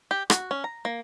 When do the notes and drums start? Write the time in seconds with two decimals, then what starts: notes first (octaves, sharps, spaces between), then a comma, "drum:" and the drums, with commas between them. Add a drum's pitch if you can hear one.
0.11 G4
0.30 F#4, drum: rim click
0.51 C#4
0.64 A#5
0.85 A#3